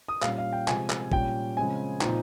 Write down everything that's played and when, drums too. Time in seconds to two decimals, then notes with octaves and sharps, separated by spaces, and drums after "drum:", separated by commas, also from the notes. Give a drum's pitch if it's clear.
0.08 D#6
0.22 A#2 G3 C#4 F5, drum: clap
0.38 F5
0.53 G5
0.68 C3 F3 G#3 G#5, drum: clap
0.90 drum: clap
1.12 A#2 G3 C#4 G5, drum: kick
1.57 C#3 F3 G#3 C4 G#5
2.01 A#2 F3 C4 D#4, drum: clap